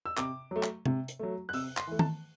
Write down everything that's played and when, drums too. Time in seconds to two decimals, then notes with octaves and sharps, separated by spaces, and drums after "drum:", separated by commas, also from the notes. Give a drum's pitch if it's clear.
0.06 E6
0.17 C3 D6, drum: clap
0.51 F#3 A3
0.63 drum: clap
0.86 C3, drum: tom C3
1.08 drum: hi-hat
1.19 F#3 A3
1.49 F#6
1.53 C3 E6, drum: open hi-hat
1.77 C6, drum: clap
1.87 E3 A3
1.99 A5, drum: tom D#3